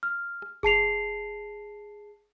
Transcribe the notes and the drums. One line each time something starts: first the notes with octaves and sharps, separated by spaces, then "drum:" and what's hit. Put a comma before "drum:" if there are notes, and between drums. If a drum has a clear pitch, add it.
F6
drum: rim click
G#4 A5 C7 F7, drum: kick F#1